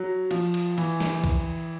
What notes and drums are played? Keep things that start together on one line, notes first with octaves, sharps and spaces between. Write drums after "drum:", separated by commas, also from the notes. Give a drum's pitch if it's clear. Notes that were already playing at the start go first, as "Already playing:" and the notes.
Already playing: F#3
F3, drum: cymbal
drum: cymbal
E3, drum: cymbal
drum: snare
drum: kick C2, cymbal